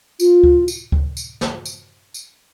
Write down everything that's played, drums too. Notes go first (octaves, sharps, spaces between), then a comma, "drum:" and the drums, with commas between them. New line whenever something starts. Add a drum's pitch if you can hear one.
F4, drum: tambourine
drum: kick D2
drum: tambourine
drum: kick D2
drum: tambourine
drum: snare
drum: tambourine
drum: tambourine